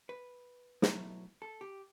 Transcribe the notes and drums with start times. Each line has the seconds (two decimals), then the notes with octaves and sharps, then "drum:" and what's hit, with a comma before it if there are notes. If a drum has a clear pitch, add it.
0.09 B4
0.82 B2 F#3 A3 E4, drum: snare
1.42 A4
1.61 G4